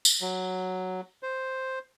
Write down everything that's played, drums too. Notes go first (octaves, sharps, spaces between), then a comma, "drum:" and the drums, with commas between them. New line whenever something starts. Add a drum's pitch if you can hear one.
drum: tambourine
F#3
C5